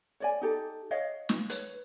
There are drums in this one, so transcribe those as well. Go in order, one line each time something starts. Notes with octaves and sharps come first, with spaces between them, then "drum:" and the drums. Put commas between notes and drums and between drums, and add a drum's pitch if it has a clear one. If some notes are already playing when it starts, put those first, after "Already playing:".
C#5 D5 G#5
D#4 G4 A4
C#5 D#5 F5 F#5
drum: snare
B4 C#5, drum: hi-hat